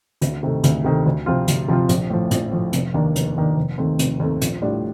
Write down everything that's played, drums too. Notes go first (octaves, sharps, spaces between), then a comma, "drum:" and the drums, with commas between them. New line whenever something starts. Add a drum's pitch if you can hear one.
D2, drum: hi-hat
C3 D#3 A3
D2, drum: hi-hat
C3 D#3 A3
D2
C3 F3 C4 F4
D2, drum: hi-hat
C3 F3 C4 F4
A#1, drum: hi-hat
A2 F3
A#1, drum: hi-hat
A2 F3
F1, drum: hi-hat
D#2 D#3 A#3 D4
F1, drum: hi-hat
D#2 D#3 A#3 D4
F1
D#2 D#3 A3 C4
F1, drum: hi-hat
D#2 D#3 A3 C4
A#1, drum: hi-hat
A2 G3 D4 F4